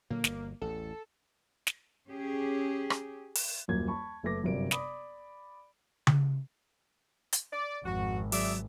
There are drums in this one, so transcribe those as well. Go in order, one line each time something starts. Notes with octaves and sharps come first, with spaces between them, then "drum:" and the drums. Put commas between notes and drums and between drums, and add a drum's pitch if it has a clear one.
A#2 D3 F#3 A#3
G1 B2, drum: snare
A1 E2 A4
drum: snare
C#4 G4 G#4
drum: rim click
drum: open hi-hat
D#1 F#2 A#3 G#6
A5 B5 C#6
F#1 A3 A4 B4 D6 A#6
G1 F#2 C3 A#4 D5 D7
D5 B5 D6 D#6, drum: snare
drum: tom C#3
drum: hi-hat
D5
G#1 F2 F#4
F#3 G#4 D5 E5, drum: open hi-hat